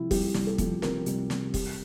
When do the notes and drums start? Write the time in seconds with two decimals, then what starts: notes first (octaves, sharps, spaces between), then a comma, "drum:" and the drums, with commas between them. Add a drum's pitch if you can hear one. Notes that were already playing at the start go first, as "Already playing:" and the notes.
Already playing: C2 C3 F3 C4 E4
0.11 C2 G4, drum: kick, open hi-hat
0.34 C2, drum: snare
0.47 A4
0.58 F3, drum: kick, hi-hat
0.82 C3 A#4, drum: snare
1.06 C2, drum: hi-hat
1.30 C2, drum: snare
1.54 G3, drum: kick, open hi-hat